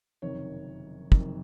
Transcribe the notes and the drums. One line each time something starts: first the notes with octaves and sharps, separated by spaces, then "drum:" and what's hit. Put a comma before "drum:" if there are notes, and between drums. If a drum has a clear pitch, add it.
F#1 F2 C3 D#3 C#5
F#1 F2 C3 D#3, drum: kick